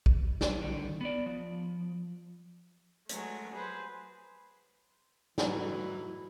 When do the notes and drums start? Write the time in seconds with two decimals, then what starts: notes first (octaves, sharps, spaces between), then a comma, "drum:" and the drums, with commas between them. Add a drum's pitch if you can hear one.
0.06 drum: kick
0.41 drum: snare
0.62 D3 D#3
1.01 B3 D5
1.26 F3
3.09 F#3 G#3 A3, drum: hi-hat
3.53 G#4 B4 C5
5.38 G#2 E3 F#3 A3 F#4, drum: snare